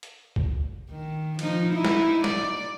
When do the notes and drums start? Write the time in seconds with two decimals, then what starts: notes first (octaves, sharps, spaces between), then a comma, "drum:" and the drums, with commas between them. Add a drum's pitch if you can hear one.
0.03 drum: hi-hat
0.36 drum: kick C2
0.90 D#3
1.39 F3 D#4, drum: cymbal
1.73 D#4 E4
1.85 drum: snare
2.24 D5, drum: snare